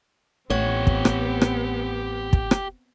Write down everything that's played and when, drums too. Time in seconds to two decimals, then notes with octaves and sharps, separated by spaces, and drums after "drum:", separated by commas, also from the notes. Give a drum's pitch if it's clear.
0.50 A1 A2 B3 C4 G4 C#5 F#5
0.87 drum: kick
1.05 drum: rim click
1.42 drum: rim click
2.33 drum: kick
2.51 drum: rim click